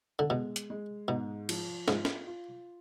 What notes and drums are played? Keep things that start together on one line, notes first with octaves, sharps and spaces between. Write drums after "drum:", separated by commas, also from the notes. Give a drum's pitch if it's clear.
D3
B2 G#3
drum: hi-hat
G#3
G#2 B2
F3, drum: cymbal
G#2 F4, drum: snare
drum: snare
F4